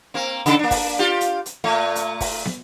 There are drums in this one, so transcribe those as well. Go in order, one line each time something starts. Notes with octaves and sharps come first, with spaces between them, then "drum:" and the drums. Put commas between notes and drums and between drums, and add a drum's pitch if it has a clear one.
A#3 C4
C#3 G4 A4, drum: hi-hat
A#3 D4
drum: kick, open hi-hat
F4 G4
drum: hi-hat
drum: hi-hat
A#2 A3
drum: hi-hat
drum: kick, open hi-hat
drum: snare